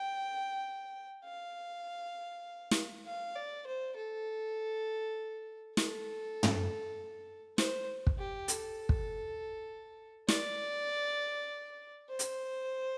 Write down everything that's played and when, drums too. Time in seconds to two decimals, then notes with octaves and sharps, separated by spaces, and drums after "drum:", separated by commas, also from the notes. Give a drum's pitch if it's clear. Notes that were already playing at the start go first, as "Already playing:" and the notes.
Already playing: G5
1.25 F5
2.71 drum: snare
3.06 F5
3.36 D5
3.67 C5
3.96 A4
5.77 A4, drum: snare
6.43 drum: tom
7.58 C5, drum: snare
8.07 drum: kick
8.19 G4
8.48 A4, drum: hi-hat
8.89 drum: kick
10.29 D5, drum: snare
12.10 C5
12.19 drum: hi-hat